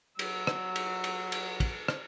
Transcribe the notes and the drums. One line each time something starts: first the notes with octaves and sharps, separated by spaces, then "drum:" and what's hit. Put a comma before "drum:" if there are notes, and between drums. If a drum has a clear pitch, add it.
F#3 E6, drum: cymbal
drum: rim click
drum: cymbal
drum: cymbal
drum: cymbal
drum: kick, cymbal
drum: rim click